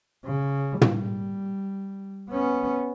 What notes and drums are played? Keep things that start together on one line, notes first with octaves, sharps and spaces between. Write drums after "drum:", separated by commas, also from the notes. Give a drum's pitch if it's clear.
C#3
G3, drum: tom
B3 C#4